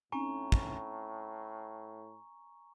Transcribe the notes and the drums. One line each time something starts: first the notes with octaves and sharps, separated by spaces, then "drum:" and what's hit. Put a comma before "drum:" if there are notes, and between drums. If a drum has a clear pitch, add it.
A2 C4 C#4 D#4 G#5 A#5 C#6
drum: kick